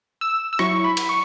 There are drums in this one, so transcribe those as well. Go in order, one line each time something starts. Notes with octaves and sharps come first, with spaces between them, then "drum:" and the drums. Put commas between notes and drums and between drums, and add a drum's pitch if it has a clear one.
E6
E6
F#3 E4 C#6, drum: rim click
B5
drum: cymbal
C#6